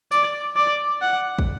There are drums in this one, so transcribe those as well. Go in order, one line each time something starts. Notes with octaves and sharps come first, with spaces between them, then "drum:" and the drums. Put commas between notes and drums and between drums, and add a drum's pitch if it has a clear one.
D5, drum: tambourine
D5
F#5
drum: kick